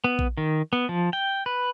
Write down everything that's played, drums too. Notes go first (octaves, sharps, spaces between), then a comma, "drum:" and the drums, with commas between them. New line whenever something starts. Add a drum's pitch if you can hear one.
B3
drum: kick A#1
D#3
B3
F3
G5
B4